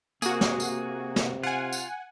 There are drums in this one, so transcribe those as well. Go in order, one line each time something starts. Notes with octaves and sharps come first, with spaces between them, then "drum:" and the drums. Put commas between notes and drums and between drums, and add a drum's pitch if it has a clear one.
C3 A#3 F#4 G#4, drum: tambourine
drum: snare
drum: tambourine
drum: snare
F4 F#5 G#5
drum: tambourine